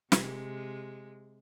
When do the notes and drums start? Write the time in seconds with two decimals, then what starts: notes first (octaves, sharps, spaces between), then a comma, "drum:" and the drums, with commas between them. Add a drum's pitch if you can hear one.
0.12 C3 G#3, drum: snare